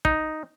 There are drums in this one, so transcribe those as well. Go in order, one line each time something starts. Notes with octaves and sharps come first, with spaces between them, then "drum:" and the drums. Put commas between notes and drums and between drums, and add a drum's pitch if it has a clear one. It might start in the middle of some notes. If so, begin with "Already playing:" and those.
D#4, drum: kick